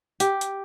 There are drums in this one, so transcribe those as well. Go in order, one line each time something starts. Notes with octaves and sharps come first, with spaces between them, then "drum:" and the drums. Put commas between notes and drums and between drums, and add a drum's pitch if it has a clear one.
G4, drum: hi-hat
drum: hi-hat